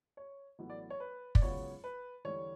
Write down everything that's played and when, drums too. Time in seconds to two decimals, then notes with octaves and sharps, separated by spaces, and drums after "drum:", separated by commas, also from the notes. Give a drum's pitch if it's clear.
0.17 C#5
0.59 A1 A2 F#3 B3
0.70 D5
0.90 C#5
1.00 B4
1.35 D5, drum: kick
1.42 C#2 C#3 F#3 B3 C#5
1.84 B4
2.25 E2 D3 G3 C#5